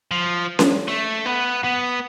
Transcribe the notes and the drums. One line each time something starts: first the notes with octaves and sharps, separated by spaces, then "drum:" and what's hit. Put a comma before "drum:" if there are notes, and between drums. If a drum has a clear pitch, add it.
F3
drum: snare C#4
A3
B3
B3